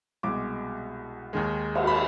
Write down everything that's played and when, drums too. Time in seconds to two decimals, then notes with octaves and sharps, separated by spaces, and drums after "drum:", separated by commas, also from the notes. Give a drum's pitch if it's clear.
0.23 C2 B2 G#3 D6
1.33 D#2 D#3 G#3
1.75 drum: cymbal
1.87 B5